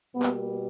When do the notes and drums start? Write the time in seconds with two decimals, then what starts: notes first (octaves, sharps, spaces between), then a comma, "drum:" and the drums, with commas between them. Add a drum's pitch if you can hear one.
0.14 B2 G3 A#3 B3
0.23 drum: clap